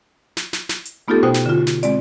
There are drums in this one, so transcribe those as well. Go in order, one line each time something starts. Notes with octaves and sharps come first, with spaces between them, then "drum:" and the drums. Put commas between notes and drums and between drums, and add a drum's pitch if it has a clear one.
drum: snare
drum: snare
drum: snare
drum: hi-hat
A3 B3 D#4 F4 G4 A4
B2 F#4 C5 G5 D#6
drum: snare
D3 F4
F#4
drum: snare
G#3 C4 D5, drum: hi-hat